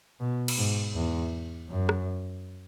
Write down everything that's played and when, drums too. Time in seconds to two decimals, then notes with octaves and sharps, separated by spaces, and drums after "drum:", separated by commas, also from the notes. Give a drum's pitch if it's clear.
0.20 B2
0.48 drum: cymbal
0.58 G#2
0.95 E2
1.70 F#2
1.89 drum: rim click